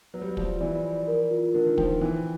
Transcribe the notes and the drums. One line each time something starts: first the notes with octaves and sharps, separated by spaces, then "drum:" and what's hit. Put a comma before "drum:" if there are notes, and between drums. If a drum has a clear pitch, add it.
F#3 B4
G3
F#3
F3 D5, drum: kick
E3 D5
D5
A#4
F4
D3 A#4
D#3
F3 G5, drum: kick
E3 G5